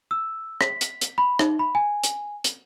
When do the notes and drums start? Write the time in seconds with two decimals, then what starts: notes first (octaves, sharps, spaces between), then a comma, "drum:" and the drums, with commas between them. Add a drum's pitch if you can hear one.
0.11 E6
0.61 B6, drum: rim click
0.81 drum: hi-hat
1.01 drum: hi-hat
1.18 B5
1.39 D#4, drum: rim click
1.59 B5
1.75 G#5
2.04 drum: hi-hat
2.44 drum: hi-hat